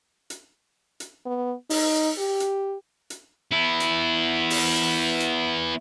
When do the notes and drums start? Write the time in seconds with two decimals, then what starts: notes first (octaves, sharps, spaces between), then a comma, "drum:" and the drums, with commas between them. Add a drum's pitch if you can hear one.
0.30 drum: hi-hat
1.00 drum: hi-hat
1.26 B3
1.70 D#4, drum: open hi-hat
2.18 G4
2.40 drum: hi-hat
3.10 drum: hi-hat
3.52 B3 E4
3.80 drum: hi-hat
4.50 drum: open hi-hat
5.20 drum: hi-hat